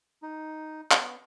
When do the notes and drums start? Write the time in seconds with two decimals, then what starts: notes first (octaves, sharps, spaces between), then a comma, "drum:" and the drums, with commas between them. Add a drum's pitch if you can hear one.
0.22 D#4
0.91 B3, drum: clap